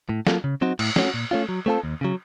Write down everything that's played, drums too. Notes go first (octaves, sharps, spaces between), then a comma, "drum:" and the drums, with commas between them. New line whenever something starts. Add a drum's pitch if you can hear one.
A2
F#3 A#3 F4 A4, drum: snare
C#3
F#3 C4 D#4 F#4
A2, drum: cymbal
A3 C#4 F#4, drum: snare
A#2
A3 C#4 F4
F#3
A3 C4 F4 A4
D#2
C#3 F#3